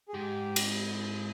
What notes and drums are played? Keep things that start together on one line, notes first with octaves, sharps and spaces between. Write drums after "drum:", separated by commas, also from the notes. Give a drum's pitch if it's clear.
G#4
G#2 G4
drum: cymbal